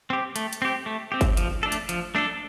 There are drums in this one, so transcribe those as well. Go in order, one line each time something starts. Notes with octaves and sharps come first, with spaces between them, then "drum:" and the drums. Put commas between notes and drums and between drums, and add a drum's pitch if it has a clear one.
C4 G4
A3, drum: hi-hat
drum: hi-hat
C4 G4
A3
C4 G4
drum: kick G1, hi-hat
F3, drum: hi-hat
A3 D4 A4
drum: hi-hat
F3, drum: hi-hat
A3 D4 A4